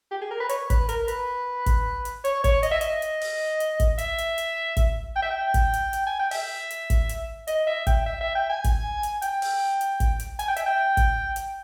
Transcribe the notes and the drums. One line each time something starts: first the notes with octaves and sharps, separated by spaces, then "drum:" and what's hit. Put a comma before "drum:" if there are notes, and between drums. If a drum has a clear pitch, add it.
G4
G#4
A#4
B4
C#5, drum: hi-hat
B4, drum: kick, hi-hat
A#4, drum: hi-hat
B4, drum: hi-hat
drum: kick, hi-hat
drum: hi-hat
C#5, drum: hi-hat
C#5, drum: kick, hi-hat
D#5, drum: hi-hat
E5
D#5, drum: hi-hat
drum: hi-hat
drum: open hi-hat
drum: hi-hat
drum: kick, hi-hat
E5, drum: hi-hat
drum: hi-hat
drum: hi-hat
drum: kick, hi-hat
G5
E5
G5
drum: kick, hi-hat
drum: hi-hat
drum: hi-hat
G#5
G5
E5, drum: open hi-hat
drum: hi-hat
drum: kick, hi-hat
drum: hi-hat
D#5, drum: hi-hat
E5
G5, drum: kick, hi-hat
E5
E5
G5
G#5
drum: kick, hi-hat
drum: hi-hat
G5, drum: hi-hat
drum: open hi-hat
drum: hi-hat
drum: kick, hi-hat
drum: hi-hat
G#5, drum: hi-hat
G5
E5, drum: hi-hat
G5
drum: kick, hi-hat
drum: hi-hat